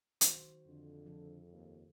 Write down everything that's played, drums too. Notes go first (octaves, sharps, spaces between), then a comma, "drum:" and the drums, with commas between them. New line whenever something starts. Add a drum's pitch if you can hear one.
D#3 F#4 C5, drum: hi-hat
F2 D3
C#3 F3 A4
D#2